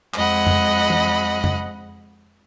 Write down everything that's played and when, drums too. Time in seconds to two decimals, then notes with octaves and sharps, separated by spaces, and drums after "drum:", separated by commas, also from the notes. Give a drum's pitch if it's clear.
0.14 F2 G#3 D#5 F#5 B5, drum: clap
0.47 drum: tom F2
0.90 drum: tom E3
1.44 drum: tom F2